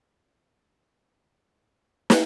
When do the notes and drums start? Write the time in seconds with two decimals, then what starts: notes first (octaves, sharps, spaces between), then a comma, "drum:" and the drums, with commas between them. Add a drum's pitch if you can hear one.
0.19 G#2 B2 C#4 D5 A5
2.10 drum: snare